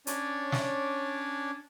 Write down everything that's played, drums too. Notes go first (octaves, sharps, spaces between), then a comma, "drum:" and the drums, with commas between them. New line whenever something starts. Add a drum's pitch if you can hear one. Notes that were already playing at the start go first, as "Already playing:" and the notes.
C#4 D4 C#5 D5, drum: hi-hat
drum: snare